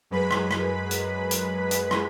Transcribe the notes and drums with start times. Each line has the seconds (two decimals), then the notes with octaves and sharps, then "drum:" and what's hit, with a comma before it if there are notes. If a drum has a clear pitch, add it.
0.11 F#2 G#3 B4 B5
0.31 drum: rim click
0.51 drum: rim click
0.91 drum: hi-hat
1.31 drum: hi-hat
1.71 drum: hi-hat
1.91 drum: rim click